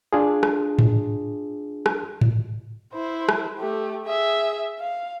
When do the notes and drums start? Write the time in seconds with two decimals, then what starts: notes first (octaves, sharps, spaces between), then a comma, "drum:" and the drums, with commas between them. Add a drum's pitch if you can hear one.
0.13 D4 F4 G#4
0.43 drum: rim click
0.79 drum: tom G#2
1.86 drum: rim click
2.21 drum: tom G#2
2.93 E4 C5
3.29 drum: rim click
3.59 A3 G4
4.06 G#4 E5
4.79 F5